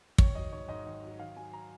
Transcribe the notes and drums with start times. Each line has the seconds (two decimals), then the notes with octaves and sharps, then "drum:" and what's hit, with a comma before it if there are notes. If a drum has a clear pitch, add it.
0.18 D#3 C#5, drum: kick
0.35 F#3 D#5
0.53 G#2 C#5
0.68 G#2 D#5
0.86 D#3
1.03 F#3
1.20 D#3 F5
1.36 F#3 G#5
1.53 A#5